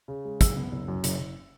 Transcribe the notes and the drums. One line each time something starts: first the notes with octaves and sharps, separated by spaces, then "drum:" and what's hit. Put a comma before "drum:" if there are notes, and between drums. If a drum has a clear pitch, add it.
C#3
G#3
F#1 E6, drum: kick, hi-hat
B3
F#1
F#2
F#1, drum: hi-hat
F#1